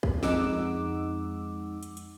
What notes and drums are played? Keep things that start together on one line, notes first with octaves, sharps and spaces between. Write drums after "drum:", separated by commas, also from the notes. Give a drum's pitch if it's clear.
drum: kick
F2 G#3 D#4 F#5 D6 E6, drum: snare
drum: hi-hat
drum: hi-hat